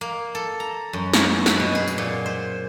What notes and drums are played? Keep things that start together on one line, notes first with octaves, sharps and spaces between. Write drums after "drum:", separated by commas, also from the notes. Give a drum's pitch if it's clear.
A#3
A4
A#5
F#2
drum: snare
B4, drum: snare
B2
G#4
drum: tambourine
A#2
C5